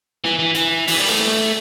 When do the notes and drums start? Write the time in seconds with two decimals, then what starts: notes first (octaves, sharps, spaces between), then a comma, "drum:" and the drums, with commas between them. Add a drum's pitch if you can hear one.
0.24 E3, drum: snare
0.39 E3
0.55 E3, drum: hi-hat
0.87 E3, drum: open hi-hat
0.97 G3
1.08 A3
1.19 drum: snare